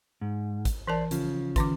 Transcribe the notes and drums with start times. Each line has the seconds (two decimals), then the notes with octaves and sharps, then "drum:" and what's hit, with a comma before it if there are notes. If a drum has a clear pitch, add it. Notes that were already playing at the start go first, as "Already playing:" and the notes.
0.21 G#2
0.65 drum: kick, hi-hat
0.87 E3 A#4 C5 D5 A5
1.11 C#3 F3, drum: hi-hat
1.56 D#3 C#4 D6, drum: kick, hi-hat